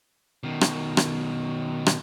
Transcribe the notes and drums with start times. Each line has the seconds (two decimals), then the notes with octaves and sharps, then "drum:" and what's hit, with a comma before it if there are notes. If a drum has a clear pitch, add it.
0.43 B2 D#3
0.61 drum: rim click
0.97 drum: rim click
1.86 drum: rim click